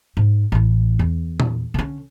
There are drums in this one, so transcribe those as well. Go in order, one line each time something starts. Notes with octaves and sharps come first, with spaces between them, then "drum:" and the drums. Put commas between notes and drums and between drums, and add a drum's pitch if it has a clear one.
G#2
A1 E4
E2
drum: tom A#2
D3 C#4